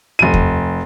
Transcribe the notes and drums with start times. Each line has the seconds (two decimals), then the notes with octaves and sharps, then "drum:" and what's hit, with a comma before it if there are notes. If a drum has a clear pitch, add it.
0.19 F1 D#7
0.34 drum: kick D#2